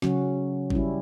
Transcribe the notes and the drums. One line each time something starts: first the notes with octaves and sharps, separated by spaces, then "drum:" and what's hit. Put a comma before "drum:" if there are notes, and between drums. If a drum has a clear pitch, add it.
C#3 F#3 C#4 F#4, drum: snare
G3 C#4 E4, drum: kick G#1